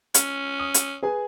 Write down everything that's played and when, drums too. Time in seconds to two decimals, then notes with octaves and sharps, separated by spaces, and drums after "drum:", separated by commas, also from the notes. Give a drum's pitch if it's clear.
0.14 C#4, drum: hi-hat
0.60 D#6
0.74 drum: hi-hat
1.03 G#4 B4 G#5